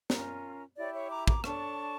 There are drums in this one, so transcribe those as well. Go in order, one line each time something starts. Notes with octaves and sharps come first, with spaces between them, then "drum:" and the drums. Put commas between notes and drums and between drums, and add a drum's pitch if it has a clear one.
C#4 F4 A#4, drum: snare
E4 G4 C#5 D5
C#5 E5
A#5 D6
A#5 D6, drum: kick
D4 A4 C#5 A5 C#6, drum: rim click